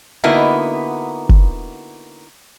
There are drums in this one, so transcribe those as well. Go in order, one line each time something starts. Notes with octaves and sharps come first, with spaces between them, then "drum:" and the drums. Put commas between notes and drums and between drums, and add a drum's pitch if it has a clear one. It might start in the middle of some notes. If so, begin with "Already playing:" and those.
D3 A#3 B3 D#4 E4 F#4
drum: kick